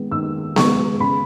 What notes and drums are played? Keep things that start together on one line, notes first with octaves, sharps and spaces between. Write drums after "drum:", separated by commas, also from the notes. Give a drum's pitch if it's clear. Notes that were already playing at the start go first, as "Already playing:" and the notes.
Already playing: D#3 G#3 B3
D#3 E6
G#3 B3 C#6, drum: snare B3
C#3 B5